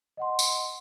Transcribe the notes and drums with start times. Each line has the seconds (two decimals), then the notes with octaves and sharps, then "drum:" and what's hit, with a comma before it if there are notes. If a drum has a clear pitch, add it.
0.17 D#5 F#5 C6
0.39 drum: tambourine